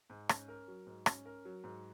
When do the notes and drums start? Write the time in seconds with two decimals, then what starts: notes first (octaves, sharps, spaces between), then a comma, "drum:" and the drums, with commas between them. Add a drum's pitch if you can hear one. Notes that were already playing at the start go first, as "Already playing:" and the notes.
0.10 G#2
0.29 C#4, drum: rim click
0.48 A#4
0.68 F#3
0.87 G#2
1.06 C#4, drum: rim click
1.26 A#4
1.45 F#3
1.64 G#2